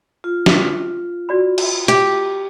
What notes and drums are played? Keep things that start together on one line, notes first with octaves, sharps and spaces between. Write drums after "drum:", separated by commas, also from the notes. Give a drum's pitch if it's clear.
F4
drum: snare
F#4 D5 B5
drum: cymbal
G4, drum: hi-hat